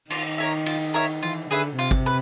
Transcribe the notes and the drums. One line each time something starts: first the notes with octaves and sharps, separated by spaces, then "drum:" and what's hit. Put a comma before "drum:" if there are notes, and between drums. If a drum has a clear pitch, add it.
D#3 F4, drum: cymbal
A#4 C#5 E5
F4, drum: cymbal
A#4 C#5 E5
E3 F4
D3 G#4 B4 E5
C3 F4
drum: kick
B4